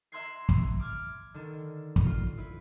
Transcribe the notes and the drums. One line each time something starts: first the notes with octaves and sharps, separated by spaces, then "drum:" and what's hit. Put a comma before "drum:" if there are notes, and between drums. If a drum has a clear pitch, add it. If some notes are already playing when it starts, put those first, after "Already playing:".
E5 A#5 C6 F#6 G#6 C7
drum: kick
D6 F6 G#6
D3 D#3 D4
drum: kick
F4
E4 B4